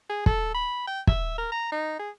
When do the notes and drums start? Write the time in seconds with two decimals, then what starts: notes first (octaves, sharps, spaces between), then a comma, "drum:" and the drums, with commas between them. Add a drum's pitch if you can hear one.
0.09 G#4
0.26 A4, drum: kick
0.54 B5
0.87 G5
1.07 E5, drum: kick
1.38 A#4
1.52 A#5
1.72 D#4
1.99 G#4